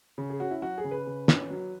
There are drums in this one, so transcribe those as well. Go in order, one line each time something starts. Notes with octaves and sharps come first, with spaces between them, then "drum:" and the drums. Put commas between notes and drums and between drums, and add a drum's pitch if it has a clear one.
C#3
G#4
C#4 F#4
E4
F#3 F#4
G#4
C#3
B4
C#3
C#4, drum: snare
F#3